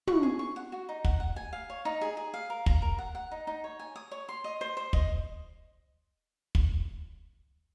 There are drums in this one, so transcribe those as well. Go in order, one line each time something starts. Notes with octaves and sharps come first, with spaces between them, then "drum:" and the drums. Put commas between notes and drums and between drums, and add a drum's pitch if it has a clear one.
C#6, drum: tom
G#4
C#6
F#5
F#4
D#4
F#5, drum: kick
F#5
G#5
F5
C#5
D#4
G#4
G#4
F5
A#4
A#5, drum: kick
A#4
F#5
F#5
D#4
D#4
C#5
G#5
D#6
C#5
C6
D#5
C5
C5
D#5, drum: kick
drum: kick